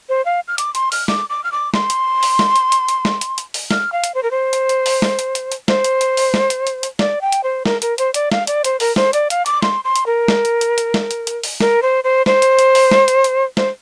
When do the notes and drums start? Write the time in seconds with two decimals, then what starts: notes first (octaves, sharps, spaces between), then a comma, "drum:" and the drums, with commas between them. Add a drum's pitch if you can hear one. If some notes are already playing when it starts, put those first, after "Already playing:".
0.09 C5
0.25 F5
0.48 F6
0.58 D6, drum: hi-hat
0.75 C6, drum: hi-hat
0.92 F6, drum: open hi-hat
1.08 D6, drum: snare
1.29 D6
1.44 F6
1.52 D6
1.74 C6, drum: snare
1.90 drum: hi-hat
2.23 drum: open hi-hat
2.39 drum: snare
2.56 drum: hi-hat
2.72 drum: hi-hat
2.88 drum: hi-hat
3.05 drum: snare
3.21 drum: hi-hat
3.38 drum: hi-hat
3.54 drum: open hi-hat
3.71 F6, drum: snare
3.92 F5
4.04 drum: hi-hat
4.15 C5
4.23 A#4
4.31 C5
4.53 drum: hi-hat
4.69 drum: hi-hat
4.86 drum: open hi-hat
5.02 drum: snare
5.19 drum: hi-hat
5.35 drum: hi-hat
5.52 drum: hi-hat
5.68 C5, drum: snare
5.84 drum: hi-hat
6.01 drum: hi-hat
6.17 drum: open hi-hat
6.34 drum: snare
6.50 drum: hi-hat
6.67 drum: hi-hat
6.83 drum: hi-hat
6.99 D5, drum: snare
7.21 G5
7.32 drum: hi-hat
7.44 C5
7.66 A#4, drum: snare
7.82 A#4, drum: hi-hat
7.98 C5, drum: hi-hat
8.14 D5, drum: hi-hat
8.32 F5, drum: snare
8.47 D5, drum: hi-hat
8.64 C5, drum: hi-hat
8.80 A#4, drum: open hi-hat
8.96 C5, drum: snare
9.13 D5, drum: hi-hat
9.30 F5, drum: hi-hat
9.46 D6, drum: hi-hat
9.62 C6, drum: snare
9.84 C6
9.95 drum: hi-hat
10.06 A#4
10.28 drum: snare
10.45 drum: hi-hat
10.61 drum: hi-hat
10.78 drum: hi-hat
10.94 drum: snare
11.11 drum: hi-hat
11.27 drum: hi-hat
11.43 drum: open hi-hat
11.60 A#4, drum: snare
11.82 C5
12.04 C5
12.26 C5, drum: snare
12.42 drum: hi-hat
12.59 drum: hi-hat
12.75 drum: open hi-hat
12.91 drum: snare
13.08 drum: hi-hat
13.24 drum: hi-hat
13.57 C5, drum: snare